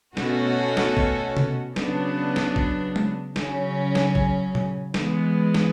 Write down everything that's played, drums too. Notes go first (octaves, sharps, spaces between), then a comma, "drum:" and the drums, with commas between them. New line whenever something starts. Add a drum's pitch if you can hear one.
B2 A3 C#4 F#4 A4, drum: snare
drum: snare
drum: kick G#1
drum: tom C3
C#3 F#3 B3 D4, drum: snare
drum: snare
drum: kick G#1
drum: tom G#3
C#3 F#3 C#4, drum: snare
drum: snare
drum: kick G#1
drum: tom A#2
E3 G#3 B3, drum: snare
drum: snare